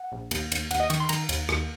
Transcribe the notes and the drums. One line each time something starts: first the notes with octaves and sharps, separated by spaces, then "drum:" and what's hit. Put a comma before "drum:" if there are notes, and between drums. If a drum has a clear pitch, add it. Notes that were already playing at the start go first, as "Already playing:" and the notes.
Already playing: F#5
A#1
D#2, drum: cymbal
D#2, drum: cymbal
D#2 F#5, drum: cymbal
D#5
D#3 C#6, drum: cymbal
C6
D#3 A#5, drum: cymbal
D#2, drum: cymbal
D#2, drum: rim click